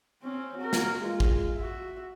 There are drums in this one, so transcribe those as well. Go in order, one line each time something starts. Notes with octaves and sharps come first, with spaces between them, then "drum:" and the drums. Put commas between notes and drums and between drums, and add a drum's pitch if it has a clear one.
C4 C#4
F#4 A#4
drum: snare
G#3 F4
drum: kick A1
F#4 E5